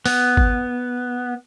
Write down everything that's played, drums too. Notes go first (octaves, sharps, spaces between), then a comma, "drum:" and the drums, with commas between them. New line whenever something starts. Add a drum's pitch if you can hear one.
B3, drum: open hi-hat
drum: kick